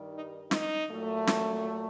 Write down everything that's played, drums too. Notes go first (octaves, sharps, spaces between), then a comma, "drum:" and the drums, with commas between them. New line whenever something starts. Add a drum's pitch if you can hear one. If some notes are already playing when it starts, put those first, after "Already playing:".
Already playing: G2 D#3 G3
D#4
D#4, drum: snare
A#2 F#3 A3
drum: snare